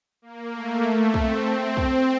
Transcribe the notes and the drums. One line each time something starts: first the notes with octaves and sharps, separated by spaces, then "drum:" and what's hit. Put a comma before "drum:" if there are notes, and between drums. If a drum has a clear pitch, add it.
A#3
A3
C4, drum: kick
C4, drum: kick